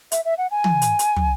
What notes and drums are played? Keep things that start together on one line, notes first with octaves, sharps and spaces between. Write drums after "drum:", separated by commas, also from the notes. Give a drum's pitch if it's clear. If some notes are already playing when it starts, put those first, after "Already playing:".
E5, drum: hi-hat
E5
F#5
G#5
drum: tom
drum: hi-hat
drum: hi-hat
drum: tom